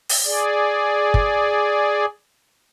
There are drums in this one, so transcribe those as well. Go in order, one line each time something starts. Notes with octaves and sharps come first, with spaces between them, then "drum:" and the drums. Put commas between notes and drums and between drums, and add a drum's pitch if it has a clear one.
drum: open hi-hat
G#4 D5
drum: kick